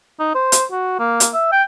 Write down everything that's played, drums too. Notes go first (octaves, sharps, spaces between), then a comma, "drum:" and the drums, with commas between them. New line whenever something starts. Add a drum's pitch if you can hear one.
D#4
C5
drum: hi-hat
F#4
A#3
drum: hi-hat
E5
G5